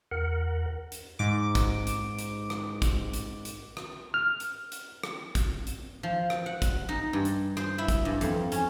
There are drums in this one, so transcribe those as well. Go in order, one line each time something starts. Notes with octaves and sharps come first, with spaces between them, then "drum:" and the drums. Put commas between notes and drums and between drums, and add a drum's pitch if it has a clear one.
E2 A#4 F#5
drum: hi-hat
G#2 D6
drum: kick, hi-hat
drum: hi-hat
drum: hi-hat
drum: rim click
drum: kick, hi-hat
drum: hi-hat
drum: hi-hat
drum: rim click
F6
drum: hi-hat
drum: hi-hat
drum: rim click
drum: kick, hi-hat
drum: hi-hat
F3
drum: rim click
F#5
drum: kick, hi-hat
D#4
G2
drum: hi-hat
C5, drum: rim click
E4
drum: kick, hi-hat
G2
F2, drum: hi-hat
C#4, drum: hi-hat